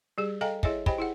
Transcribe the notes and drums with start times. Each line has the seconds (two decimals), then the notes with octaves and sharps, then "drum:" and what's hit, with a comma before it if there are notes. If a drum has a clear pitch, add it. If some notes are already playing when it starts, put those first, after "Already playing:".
0.18 G3 G4 G#4
0.41 A4 D#5 F5 G5 G#5 A#5
0.63 E4 G#4 C#5 D#5 E5 G#5, drum: kick
0.86 G4 C5 D#5 G5 G#5 B5, drum: kick
0.98 E4 G#4 F#5